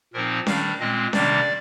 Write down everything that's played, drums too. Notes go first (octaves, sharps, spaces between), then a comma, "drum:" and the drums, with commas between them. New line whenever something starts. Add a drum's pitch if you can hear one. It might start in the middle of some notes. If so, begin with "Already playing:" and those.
A#2 F3 C4 D#4 A#4
D#3 G3 D4 F5, drum: snare C#4
A#2 G#3 C4 D#5
C3 D#3 G3 A#3 D4 D5, drum: snare C#4